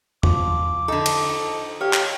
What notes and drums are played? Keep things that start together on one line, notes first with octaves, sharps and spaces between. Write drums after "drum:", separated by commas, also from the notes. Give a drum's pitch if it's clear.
F3 D6, drum: tom E2
D3 D#4 A4
drum: cymbal
G4 C#5 F5
drum: clap